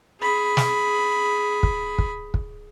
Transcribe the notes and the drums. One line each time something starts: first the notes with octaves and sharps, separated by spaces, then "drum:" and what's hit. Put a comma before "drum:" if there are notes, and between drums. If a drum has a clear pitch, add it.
G#4 B5
drum: snare
drum: kick
drum: kick
drum: kick